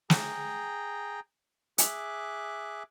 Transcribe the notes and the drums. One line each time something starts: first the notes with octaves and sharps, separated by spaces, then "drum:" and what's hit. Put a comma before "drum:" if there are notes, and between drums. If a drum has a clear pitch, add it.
G#4 G5 A#5, drum: snare
G#4 E5 D6 F#6, drum: hi-hat